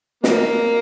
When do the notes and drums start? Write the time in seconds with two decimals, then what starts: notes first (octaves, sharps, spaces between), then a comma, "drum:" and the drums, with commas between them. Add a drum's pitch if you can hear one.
0.24 A#3, drum: snare